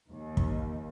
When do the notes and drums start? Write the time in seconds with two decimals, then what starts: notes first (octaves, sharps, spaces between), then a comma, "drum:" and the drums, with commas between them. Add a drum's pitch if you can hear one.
0.10 D#2
0.37 drum: kick